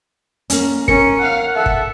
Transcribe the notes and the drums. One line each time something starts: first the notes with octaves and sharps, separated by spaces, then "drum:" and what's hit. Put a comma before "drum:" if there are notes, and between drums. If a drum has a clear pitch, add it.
A#3 C#4, drum: hi-hat
C#4 A#4 C#7, drum: kick G1
F5 F#5
A4 E5 F#5
drum: kick G1